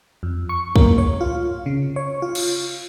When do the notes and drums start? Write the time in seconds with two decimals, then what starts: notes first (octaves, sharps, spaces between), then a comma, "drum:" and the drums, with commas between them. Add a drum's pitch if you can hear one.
0.23 F2
0.49 C#6
0.76 A#3, drum: kick
0.98 C#5
1.21 F4
1.66 C#3
1.96 C#5
2.22 F4
2.35 drum: cymbal